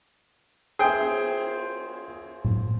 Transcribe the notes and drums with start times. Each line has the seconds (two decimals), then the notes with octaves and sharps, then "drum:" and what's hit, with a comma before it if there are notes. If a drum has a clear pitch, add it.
0.79 G#4 C5 E5 G5, drum: cymbal
2.45 drum: tom A2